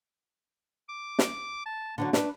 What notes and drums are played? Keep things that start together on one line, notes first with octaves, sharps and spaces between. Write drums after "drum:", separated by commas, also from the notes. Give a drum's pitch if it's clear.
D6
drum: snare
A5
D3 F3 F#3 A#3
A3 D4 B4, drum: snare